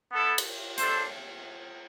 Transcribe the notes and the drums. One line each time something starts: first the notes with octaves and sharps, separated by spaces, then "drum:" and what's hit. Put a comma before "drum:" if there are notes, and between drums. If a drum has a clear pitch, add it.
B3 E4 A4
drum: cymbal
A3 D4 A4 C5, drum: hi-hat